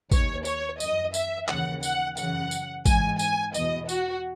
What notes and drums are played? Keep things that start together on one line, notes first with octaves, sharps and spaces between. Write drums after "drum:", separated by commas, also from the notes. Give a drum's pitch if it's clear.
D#2 D#3 C#5, drum: kick, tambourine
C#5, drum: tambourine
F#2 E3 D#5, drum: tambourine
E5, drum: tambourine
D#2 C#3 E3 F#5, drum: clap
F#5, drum: tambourine
F#2 C#3 E3 F#5, drum: tambourine
drum: tambourine
G#2 E3 G#5, drum: kick, tambourine
G#5, drum: tambourine
E2 B2 D#5, drum: tambourine
F#4, drum: tambourine